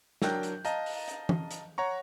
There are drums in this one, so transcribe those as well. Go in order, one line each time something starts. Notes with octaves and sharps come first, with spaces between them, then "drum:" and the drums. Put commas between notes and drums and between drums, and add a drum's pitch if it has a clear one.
F#3 D4 A#4 G5 F#6 G6, drum: snare
drum: hi-hat
D#5 F5 A5 A#5, drum: hi-hat
drum: open hi-hat
drum: hi-hat
drum: tom E3
drum: hi-hat
C#5 F#5 A#5 C#6